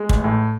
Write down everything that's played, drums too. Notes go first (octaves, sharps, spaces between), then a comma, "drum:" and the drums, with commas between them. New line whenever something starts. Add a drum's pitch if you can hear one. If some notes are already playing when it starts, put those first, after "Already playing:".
Already playing: G#3
A1, drum: kick
A2